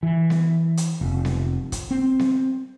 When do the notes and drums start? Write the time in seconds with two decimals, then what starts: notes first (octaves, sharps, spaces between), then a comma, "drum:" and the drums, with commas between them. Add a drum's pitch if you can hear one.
0.03 E3
0.30 drum: snare B3
0.77 drum: hi-hat
1.01 F1
1.25 drum: snare B3
1.72 drum: kick, hi-hat
1.91 C4
2.19 drum: snare B3